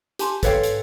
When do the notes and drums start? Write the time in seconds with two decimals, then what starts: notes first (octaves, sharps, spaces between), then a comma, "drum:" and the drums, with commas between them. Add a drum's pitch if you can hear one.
0.19 G4 G#5 A5 C6, drum: hi-hat
0.43 A4 B4 C#5 F5 G5, drum: kick, hi-hat
0.63 drum: hi-hat